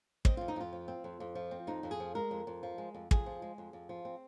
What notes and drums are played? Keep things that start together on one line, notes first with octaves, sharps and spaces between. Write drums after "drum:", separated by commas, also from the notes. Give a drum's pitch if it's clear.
C4 D#5, drum: kick
F2 F4
D#4
F2 F4
F3
C4
F2
F2
F3
C4
F2 D#4
F2
G#4
F3
G#3 A#4
F2
F2
F3
G#3
F2
F2 G#4, drum: kick
F3
G#3
F2
F2
F3
C4